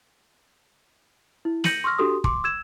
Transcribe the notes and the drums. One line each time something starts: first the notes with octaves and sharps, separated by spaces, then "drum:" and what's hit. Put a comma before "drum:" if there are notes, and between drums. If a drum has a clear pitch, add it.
E4
G6 A#6 C#7 D#7 F#7, drum: snare
C6 C#6 E6 F6 A#6
D4 F#4 G4 A4 C6 D#6
C6 D6, drum: kick
E6 G#6 E7